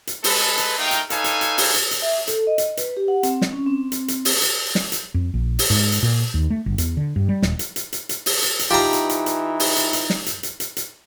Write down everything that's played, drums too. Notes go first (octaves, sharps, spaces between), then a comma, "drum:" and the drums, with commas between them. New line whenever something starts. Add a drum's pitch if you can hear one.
drum: hi-hat
G#3 A4 B4, drum: open hi-hat
drum: hi-hat
A3 D#4 A#4 F5 G5
drum: hi-hat
D#4 A4 B4 C#5 F5 G#5, drum: hi-hat
drum: hi-hat
drum: hi-hat
drum: open hi-hat
drum: hi-hat
drum: hi-hat
E5
A4, drum: hi-hat
D#5
drum: hi-hat
B4, drum: hi-hat
G4
F#5
C4, drum: hi-hat
drum: snare
C#4
C4
drum: hi-hat
drum: hi-hat
drum: open hi-hat
drum: hi-hat
drum: snare
drum: hi-hat
F2
A#1
drum: open hi-hat
G#2
drum: hi-hat
A#2
D#2
A3
G1
E2, drum: hi-hat
D3
G2
G3
D#1, drum: snare
drum: hi-hat
drum: hi-hat
drum: hi-hat
drum: hi-hat
drum: open hi-hat
drum: hi-hat
drum: hi-hat
E3 D#4 F4 G4 A5 A#5 C6
drum: hi-hat
drum: hi-hat
drum: hi-hat
drum: open hi-hat
drum: hi-hat
drum: hi-hat
drum: snare
drum: hi-hat
drum: hi-hat
drum: hi-hat
drum: hi-hat